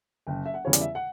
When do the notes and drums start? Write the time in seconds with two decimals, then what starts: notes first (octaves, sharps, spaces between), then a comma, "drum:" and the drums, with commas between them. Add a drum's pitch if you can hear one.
0.27 F#1 G5
0.46 E5
0.54 F#5
0.65 E2 C#3 E3 G3 C#5
0.73 D5, drum: hi-hat
0.81 E5
0.95 F#5